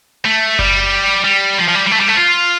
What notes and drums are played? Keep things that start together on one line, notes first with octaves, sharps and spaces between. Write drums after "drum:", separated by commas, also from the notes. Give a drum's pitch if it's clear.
A3
G3, drum: kick F#1
G3
F3
F3
G3
G3
A3
G3
A3
F4